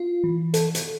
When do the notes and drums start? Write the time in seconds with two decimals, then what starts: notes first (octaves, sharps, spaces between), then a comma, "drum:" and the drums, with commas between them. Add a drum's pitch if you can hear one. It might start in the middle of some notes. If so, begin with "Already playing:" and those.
Already playing: F4
0.24 E3
0.54 A4, drum: hi-hat
0.75 drum: hi-hat